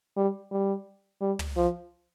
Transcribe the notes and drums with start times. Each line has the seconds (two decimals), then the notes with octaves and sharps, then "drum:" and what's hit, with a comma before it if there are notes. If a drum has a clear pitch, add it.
0.17 G3
0.52 G3
1.21 G3
1.39 drum: tom
1.57 F3